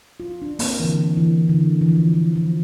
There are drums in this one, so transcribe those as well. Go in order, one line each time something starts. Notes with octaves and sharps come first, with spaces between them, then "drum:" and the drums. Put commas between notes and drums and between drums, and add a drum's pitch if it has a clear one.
F4
D4
A#3, drum: open hi-hat
C4
E3
D3
E3
D3
E3
F3
E3
F3
F3